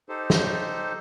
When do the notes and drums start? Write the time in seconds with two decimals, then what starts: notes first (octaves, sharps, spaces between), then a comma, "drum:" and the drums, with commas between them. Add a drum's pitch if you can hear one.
0.09 D#4 G4 A4 C5
0.30 drum: snare